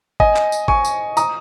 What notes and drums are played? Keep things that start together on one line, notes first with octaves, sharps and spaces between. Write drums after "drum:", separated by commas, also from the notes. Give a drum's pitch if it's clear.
D#5 G#5, drum: kick G1
drum: clap
drum: tambourine
G#5 C#6, drum: kick G1
drum: tambourine
A#5 D#6, drum: tambourine